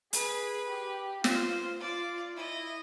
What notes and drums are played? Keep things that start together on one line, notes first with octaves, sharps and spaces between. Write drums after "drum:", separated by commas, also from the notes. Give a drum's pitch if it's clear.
G#4 B4, drum: hi-hat
G4
F4 C5, drum: snare
F4 D5
E4 D#5